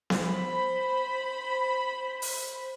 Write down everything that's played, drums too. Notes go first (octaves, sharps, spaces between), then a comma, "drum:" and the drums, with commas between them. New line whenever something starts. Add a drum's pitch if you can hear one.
drum: snare B3
C5 B5
drum: open hi-hat